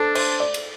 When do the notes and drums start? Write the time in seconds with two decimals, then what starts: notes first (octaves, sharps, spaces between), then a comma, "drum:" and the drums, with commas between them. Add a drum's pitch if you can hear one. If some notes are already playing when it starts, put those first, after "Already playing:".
Already playing: D4 A4 C5
0.15 C5, drum: cymbal
0.40 D5
0.54 drum: cymbal